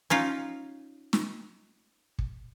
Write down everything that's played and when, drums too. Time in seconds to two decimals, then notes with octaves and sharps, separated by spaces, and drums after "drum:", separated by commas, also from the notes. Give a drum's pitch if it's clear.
0.10 C#4 D#4 F4
1.13 drum: snare
2.19 drum: kick